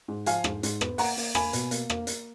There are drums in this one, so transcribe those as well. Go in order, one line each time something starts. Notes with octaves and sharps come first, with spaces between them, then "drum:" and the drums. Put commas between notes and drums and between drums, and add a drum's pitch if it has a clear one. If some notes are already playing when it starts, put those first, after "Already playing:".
G#2
F3 F5 G#5, drum: hi-hat
G#2, drum: rim click
G#2, drum: hi-hat
B3, drum: rim click
A#3 F#5 A#5, drum: open hi-hat
A#3, drum: open hi-hat
A#3 G#5 B5, drum: rim click
B2, drum: hi-hat
A#3, drum: hi-hat
A#3, drum: rim click
A#3, drum: hi-hat